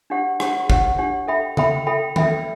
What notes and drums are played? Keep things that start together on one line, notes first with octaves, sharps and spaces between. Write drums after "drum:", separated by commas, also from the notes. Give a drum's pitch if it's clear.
D4 G4 C#5 F#5
D4 G4 C#5 F#5, drum: rim click
D4 G4 C#5 F#5, drum: kick
D4 G4 C#5 F#5
A4 E5 G5 B5
A4 E5 G5 B5, drum: tom C#3
A4 E5 G5 B5
A4 E5 G5 B5, drum: tom D#3